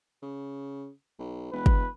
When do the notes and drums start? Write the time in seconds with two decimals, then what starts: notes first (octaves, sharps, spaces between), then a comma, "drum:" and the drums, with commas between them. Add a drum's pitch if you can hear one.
0.22 C#3
1.19 B1
1.52 E1 B4
1.66 drum: kick